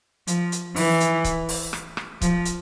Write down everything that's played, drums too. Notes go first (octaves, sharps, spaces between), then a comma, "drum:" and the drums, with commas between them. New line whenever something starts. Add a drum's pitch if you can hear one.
F3, drum: hi-hat
drum: hi-hat
E3, drum: open hi-hat
drum: hi-hat
drum: kick C#1, hi-hat
drum: open hi-hat
drum: rim click
drum: rim click
F3, drum: kick C#1, hi-hat
drum: hi-hat